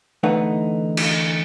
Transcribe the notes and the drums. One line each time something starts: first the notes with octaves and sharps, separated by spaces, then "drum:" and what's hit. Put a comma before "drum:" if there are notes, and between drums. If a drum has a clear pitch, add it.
E2 D3 A3 D#4 B4 F#5
drum: cymbal